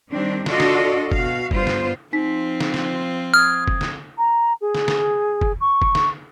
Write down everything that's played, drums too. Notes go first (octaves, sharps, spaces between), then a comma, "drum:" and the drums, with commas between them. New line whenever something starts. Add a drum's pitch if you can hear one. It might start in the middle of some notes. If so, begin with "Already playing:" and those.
D#3 G3 C4 D4
D4 F4 F#4 A4 D5 D#5, drum: snare
drum: snare
B2 F#4 F5, drum: kick
G2 B3 F4 C5, drum: kick
drum: snare
F3 C4 D#4 F4 B6
drum: snare
drum: snare
D#6 F6 G#6
drum: kick
drum: snare
A#5
G#4
drum: snare
drum: snare
drum: kick
C#6
drum: kick
drum: snare